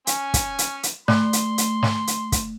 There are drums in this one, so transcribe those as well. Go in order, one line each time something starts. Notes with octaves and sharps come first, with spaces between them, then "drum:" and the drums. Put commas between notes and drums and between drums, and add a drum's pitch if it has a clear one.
C#4 G#5, drum: hi-hat
drum: kick, hi-hat
drum: hi-hat
drum: hi-hat
A3 C6, drum: snare
drum: hi-hat
drum: hi-hat
drum: snare
drum: hi-hat
drum: kick, hi-hat